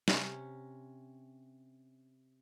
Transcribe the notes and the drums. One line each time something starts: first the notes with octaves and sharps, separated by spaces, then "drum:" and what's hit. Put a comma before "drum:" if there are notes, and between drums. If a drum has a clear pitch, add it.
C3 C#4, drum: snare